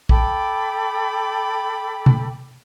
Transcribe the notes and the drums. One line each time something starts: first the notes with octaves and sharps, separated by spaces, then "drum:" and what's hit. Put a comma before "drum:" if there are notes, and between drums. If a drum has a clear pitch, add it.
A4 G5 B5 D6, drum: kick
drum: tom B2